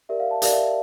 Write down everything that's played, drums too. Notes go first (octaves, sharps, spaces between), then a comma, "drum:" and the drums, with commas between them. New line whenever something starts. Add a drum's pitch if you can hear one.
G4 A#4 D5 E5
F5
A5
G4 A#4 D5 F5, drum: hi-hat
E5